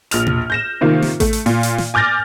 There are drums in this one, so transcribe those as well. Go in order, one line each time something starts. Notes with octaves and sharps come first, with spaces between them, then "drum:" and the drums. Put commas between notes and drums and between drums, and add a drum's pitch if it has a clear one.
A#1 F6 F7, drum: hi-hat
drum: tom B2
G6 A#6 E7
C3 D#3 A#3 F4
drum: snare
A3, drum: kick A1, hi-hat
drum: hi-hat
A#2, drum: open hi-hat
drum: hi-hat
drum: snare
G#5 D6 F6 G6 A6 A#6